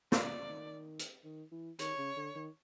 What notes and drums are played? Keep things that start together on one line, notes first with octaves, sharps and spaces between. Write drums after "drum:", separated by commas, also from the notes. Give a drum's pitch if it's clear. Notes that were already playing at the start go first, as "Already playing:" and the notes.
C3 D5, drum: snare
C#3
D#3
drum: hi-hat
D#3
E3
D#3 C#5, drum: hi-hat
C#3
D3
D#3